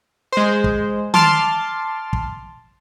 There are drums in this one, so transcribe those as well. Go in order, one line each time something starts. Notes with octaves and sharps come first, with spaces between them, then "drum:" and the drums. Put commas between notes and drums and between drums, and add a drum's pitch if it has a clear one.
G#3 C5
drum: kick
A5 C6 D6 F6 A6 C7, drum: tom D#3
drum: kick